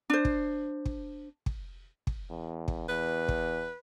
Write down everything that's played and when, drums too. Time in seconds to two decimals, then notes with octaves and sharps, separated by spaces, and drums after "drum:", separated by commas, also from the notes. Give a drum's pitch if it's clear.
0.10 D4 C5
0.25 drum: kick
0.86 drum: kick
1.46 drum: kick
2.07 drum: kick
2.30 E2
2.68 drum: kick
2.89 E2 B4
3.28 drum: kick